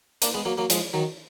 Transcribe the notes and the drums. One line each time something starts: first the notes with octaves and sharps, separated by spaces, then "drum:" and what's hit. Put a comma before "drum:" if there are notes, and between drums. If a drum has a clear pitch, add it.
A#3 D4, drum: hi-hat
G#3 B3
F#3 A#3
F#3 A#3
F3 G#3, drum: hi-hat
D#3 F#3